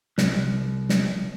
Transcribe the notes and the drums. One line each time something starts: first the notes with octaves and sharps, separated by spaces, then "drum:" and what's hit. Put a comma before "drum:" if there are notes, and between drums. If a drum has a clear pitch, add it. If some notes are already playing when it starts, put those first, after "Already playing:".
C2, drum: snare
drum: snare